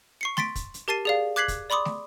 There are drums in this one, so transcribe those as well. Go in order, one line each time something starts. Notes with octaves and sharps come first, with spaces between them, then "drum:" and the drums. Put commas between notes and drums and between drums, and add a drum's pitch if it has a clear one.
C#6 C7 C#7
C6 A6 B6 D7, drum: snare
drum: kick, hi-hat
drum: hi-hat
G4 A#4 A5 A6 C7 D#7
G#4 D5 F5
D6 F#6 G#6 B6 C7 F#7
drum: kick, hi-hat
D5 B5 C6 D6 D#6
drum: snare